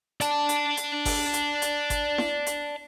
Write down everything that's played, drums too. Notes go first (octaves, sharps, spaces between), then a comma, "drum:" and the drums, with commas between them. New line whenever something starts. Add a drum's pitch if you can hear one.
D5 A5, drum: hi-hat
drum: hi-hat
drum: hi-hat
drum: kick G1, open hi-hat
drum: hi-hat
drum: hi-hat
drum: kick G1, hi-hat
drum: snare E4
drum: hi-hat